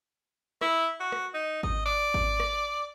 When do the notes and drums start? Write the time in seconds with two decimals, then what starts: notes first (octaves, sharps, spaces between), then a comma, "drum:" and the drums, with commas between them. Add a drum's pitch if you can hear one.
0.61 E4, drum: rim click
1.00 F#4
1.12 drum: rim click
1.34 D#4
1.63 D#5, drum: kick G#1
1.86 D5
2.14 drum: kick G#1
2.40 drum: rim click